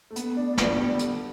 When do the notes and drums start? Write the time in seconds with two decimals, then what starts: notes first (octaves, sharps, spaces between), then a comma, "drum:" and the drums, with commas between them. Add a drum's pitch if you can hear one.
0.11 A3
0.16 B3, drum: hi-hat
0.37 D4
0.53 D4
0.58 B3, drum: snare
0.79 G3
0.99 D3, drum: hi-hat